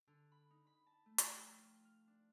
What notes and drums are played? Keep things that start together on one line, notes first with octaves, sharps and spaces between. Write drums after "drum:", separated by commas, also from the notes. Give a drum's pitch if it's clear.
D3
B5
D#4
B5
A5
A3
G5, drum: hi-hat
F3
F4
F6
D4